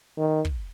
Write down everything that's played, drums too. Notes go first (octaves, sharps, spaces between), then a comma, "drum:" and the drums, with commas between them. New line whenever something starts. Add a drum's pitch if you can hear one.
D#3
drum: kick